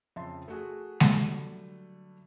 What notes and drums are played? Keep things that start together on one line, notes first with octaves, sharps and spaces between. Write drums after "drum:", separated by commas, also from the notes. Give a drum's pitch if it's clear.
F2 C#3 E5 A5 C6
A3 F#4 G#4
D3 F#3 G3 A3, drum: snare G#3